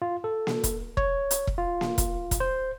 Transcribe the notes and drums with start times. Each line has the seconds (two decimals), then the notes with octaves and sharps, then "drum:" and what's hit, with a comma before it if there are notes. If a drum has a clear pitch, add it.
0.02 F4
0.24 A4
0.47 drum: snare A#3
0.64 drum: kick E1, hi-hat
0.97 C#5, drum: kick E1
1.31 drum: hi-hat
1.47 drum: kick E1
1.58 F4
1.81 drum: snare A#3
1.98 drum: kick E1, hi-hat
2.31 drum: kick E1, hi-hat
2.40 C5